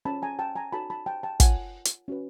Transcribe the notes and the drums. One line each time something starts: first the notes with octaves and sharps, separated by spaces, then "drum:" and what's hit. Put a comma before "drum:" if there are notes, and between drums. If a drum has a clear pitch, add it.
C#4 F4 A4 C5 A5 B5
G#5 A#5
G5 A5
G#5 A#5
D#4 F#4 A4 C#5 A5 B5
A5 B5
G5 A5
G5 A5
F4 A#4 C#5 F#5 G#5, drum: kick, hi-hat
drum: hi-hat
C#4 F#4 B4